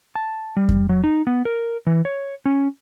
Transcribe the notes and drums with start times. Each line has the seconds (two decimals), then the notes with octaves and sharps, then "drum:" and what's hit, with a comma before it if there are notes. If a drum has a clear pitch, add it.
0.15 A5
0.57 G3
0.69 drum: kick F2
0.89 F#3
1.04 D#4
1.27 B3
1.45 A#4
1.87 E3
2.05 C#5
2.46 C#4